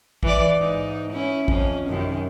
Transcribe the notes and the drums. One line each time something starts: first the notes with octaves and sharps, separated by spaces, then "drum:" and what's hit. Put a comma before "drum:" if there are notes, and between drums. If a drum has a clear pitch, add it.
E3 D5, drum: kick
G#2 D#4
C#4 E4
F2 C#4, drum: kick
F#2 C3 D#3